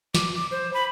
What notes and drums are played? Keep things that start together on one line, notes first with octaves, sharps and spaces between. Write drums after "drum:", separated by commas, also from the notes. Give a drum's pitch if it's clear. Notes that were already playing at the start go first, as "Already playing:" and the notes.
D6, drum: snare
D6
C5
B5